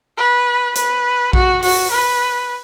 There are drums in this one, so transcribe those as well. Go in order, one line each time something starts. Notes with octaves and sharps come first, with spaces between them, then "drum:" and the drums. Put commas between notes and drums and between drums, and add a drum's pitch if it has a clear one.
B4
B4, drum: hi-hat
F#4, drum: kick A#1
F#4, drum: open hi-hat
B4